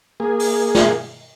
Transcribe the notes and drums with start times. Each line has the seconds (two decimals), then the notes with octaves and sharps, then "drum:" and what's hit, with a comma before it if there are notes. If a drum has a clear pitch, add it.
0.20 A#3 G#4
0.39 drum: open hi-hat
0.75 drum: snare